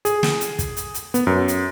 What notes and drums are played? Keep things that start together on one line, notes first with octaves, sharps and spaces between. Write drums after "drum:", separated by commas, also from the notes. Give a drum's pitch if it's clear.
G#4, drum: hi-hat
drum: snare
drum: hi-hat
drum: kick, hi-hat
drum: hi-hat
drum: hi-hat
B3, drum: hi-hat
F#2
drum: hi-hat